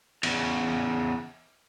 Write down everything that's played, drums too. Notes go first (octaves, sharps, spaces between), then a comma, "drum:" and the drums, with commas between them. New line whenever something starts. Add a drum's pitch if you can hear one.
E2 C#3, drum: cymbal